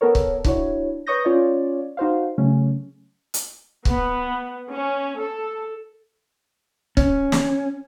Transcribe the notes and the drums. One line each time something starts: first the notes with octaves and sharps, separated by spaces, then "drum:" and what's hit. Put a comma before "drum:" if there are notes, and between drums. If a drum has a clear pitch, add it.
B3 A4 A#4 C#5
drum: kick C#1
D4 E4 F#4 C#5, drum: kick C#1
B4 C#5 C#6 D#6 G6 A#6
C#4 F4 C#5 D5
D#4 F#4 C5 F5
C#3 F#3 A3 C#4
drum: hi-hat
B3, drum: kick C#1
C#4
A4
C#4, drum: kick C#1
drum: snare